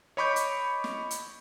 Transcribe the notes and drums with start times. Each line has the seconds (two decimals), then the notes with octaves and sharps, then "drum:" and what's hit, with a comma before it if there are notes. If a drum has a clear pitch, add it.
0.17 C#5 D#5 B5 C#6 D6 G6
0.36 drum: hi-hat
0.84 drum: snare
1.11 drum: hi-hat